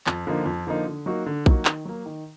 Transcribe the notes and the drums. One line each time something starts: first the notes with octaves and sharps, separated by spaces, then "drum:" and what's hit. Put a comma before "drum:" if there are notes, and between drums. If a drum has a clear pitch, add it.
F2, drum: clap
D3 F3 A#3 D#4
F2
D3 F3 A#3 D#4
D3
F#3 A#3 D#4 F#4
D3
F#3 A#3 D#4 F#4, drum: kick A#1
D#3, drum: clap
F#3 A#3
D#3